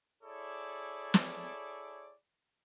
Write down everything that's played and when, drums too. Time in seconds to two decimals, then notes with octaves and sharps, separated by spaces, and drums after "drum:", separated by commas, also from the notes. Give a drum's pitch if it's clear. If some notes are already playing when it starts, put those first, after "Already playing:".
0.23 E4 G#4 A4 C#5 D5
1.14 drum: snare